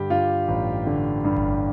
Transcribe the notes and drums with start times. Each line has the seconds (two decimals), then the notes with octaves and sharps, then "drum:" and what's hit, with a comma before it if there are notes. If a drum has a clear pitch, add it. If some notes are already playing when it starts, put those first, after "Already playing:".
Already playing: G2 D3 G4
0.10 G2 F4
0.48 A1
0.86 D3
1.25 G2
1.37 drum: kick G1